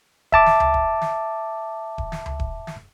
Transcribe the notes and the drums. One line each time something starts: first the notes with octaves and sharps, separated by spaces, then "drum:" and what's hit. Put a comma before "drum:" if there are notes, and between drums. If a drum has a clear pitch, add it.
E5 A5 D6, drum: kick D#1
drum: snare
drum: tom C#2
drum: kick D#1
drum: snare
drum: kick D#1
drum: snare
drum: tom C#2
drum: kick D#1
drum: snare